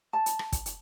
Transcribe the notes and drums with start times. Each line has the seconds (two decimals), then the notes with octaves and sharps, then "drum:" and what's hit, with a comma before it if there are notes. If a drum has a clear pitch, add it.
0.13 A5
0.26 drum: hi-hat
0.39 drum: rim click
0.52 drum: kick, hi-hat
0.66 drum: hi-hat